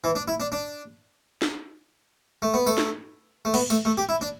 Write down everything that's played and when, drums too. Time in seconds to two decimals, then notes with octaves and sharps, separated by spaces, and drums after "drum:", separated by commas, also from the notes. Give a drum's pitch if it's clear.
0.04 E3
0.15 D4
0.28 E4
0.40 D4
0.52 D4
1.42 drum: snare
2.42 A3
2.54 B3
2.67 A3, drum: tambourine
2.78 drum: snare
3.45 A3
3.54 B3, drum: cymbal
3.70 A3, drum: tambourine
3.85 A3
3.97 G4
4.09 E4
4.21 D4